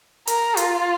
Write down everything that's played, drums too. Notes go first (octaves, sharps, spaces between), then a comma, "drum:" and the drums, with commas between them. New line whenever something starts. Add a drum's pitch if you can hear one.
A#4, drum: hi-hat
F4, drum: hi-hat